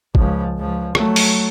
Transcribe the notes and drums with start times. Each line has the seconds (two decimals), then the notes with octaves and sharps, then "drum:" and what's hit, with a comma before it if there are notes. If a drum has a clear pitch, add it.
0.15 C#2 F3, drum: kick
0.58 C#2 F3
0.95 F#3 A3, drum: rim click
1.16 drum: open hi-hat